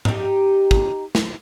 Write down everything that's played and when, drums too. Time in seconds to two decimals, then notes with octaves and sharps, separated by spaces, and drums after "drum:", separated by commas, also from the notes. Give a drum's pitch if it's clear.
0.05 D#4 G4, drum: tom G#2
0.71 drum: kick
1.15 drum: snare